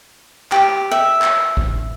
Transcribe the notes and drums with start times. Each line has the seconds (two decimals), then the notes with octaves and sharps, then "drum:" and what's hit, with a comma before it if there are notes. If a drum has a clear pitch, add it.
0.52 G4, drum: clap
0.91 E5
1.22 drum: clap
1.57 drum: kick